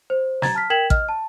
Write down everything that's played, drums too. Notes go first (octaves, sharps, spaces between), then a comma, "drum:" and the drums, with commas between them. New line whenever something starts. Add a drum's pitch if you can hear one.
C5
A#5 G#6 A6, drum: snare
A5 F6 B6
A#4 G5 G#6 B6 E7 F#7
D#5 F6, drum: kick
A5